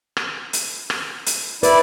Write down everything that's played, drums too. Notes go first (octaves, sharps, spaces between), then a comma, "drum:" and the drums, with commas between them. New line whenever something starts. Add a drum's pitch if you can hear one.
drum: rim click
drum: hi-hat
drum: rim click
drum: hi-hat
E4 B4 D5, drum: hi-hat